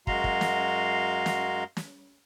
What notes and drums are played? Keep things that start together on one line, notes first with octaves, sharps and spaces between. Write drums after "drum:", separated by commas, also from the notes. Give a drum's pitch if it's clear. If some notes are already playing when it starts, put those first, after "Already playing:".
F#2 G#3 F#4 F5 A#5 C6, drum: kick
drum: kick
drum: snare
drum: snare
drum: snare